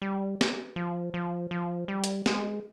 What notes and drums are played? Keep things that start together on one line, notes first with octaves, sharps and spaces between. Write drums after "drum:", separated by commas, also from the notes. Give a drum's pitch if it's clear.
G3
drum: snare
F3
F3
F3
G3
drum: hi-hat
G#3, drum: snare